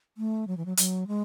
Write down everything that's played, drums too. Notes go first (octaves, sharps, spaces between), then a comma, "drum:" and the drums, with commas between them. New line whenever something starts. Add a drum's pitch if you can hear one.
A3
F#3
E3
F#3
F#3, drum: hi-hat
G#3